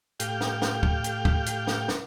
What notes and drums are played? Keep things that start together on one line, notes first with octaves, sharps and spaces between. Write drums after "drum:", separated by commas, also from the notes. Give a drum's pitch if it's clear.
A2 G4 F5 G5, drum: hi-hat
drum: snare
drum: snare
drum: kick
drum: hi-hat
drum: kick
drum: hi-hat
drum: snare
drum: snare